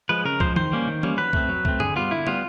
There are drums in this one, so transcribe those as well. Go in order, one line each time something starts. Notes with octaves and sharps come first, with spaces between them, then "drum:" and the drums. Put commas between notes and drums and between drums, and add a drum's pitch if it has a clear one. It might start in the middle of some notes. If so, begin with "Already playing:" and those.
F3 G#3 B4
C#3 A#4
F3 G#3 C5, drum: kick
D#3 C5, drum: tom E3
G3 A#3 C#4
D#3
G3 A#3 C#4, drum: tom E3
F#3 B4
A3 C4, drum: kick
F#3
A3 C4, drum: kick
D3 G#4, drum: tom G2
G3 B3 F4
D3 E4
G3 B3 F4, drum: tom